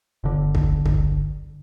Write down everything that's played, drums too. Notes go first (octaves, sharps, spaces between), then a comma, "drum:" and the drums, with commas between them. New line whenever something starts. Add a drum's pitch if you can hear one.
G1 D3
drum: kick C2
drum: kick C2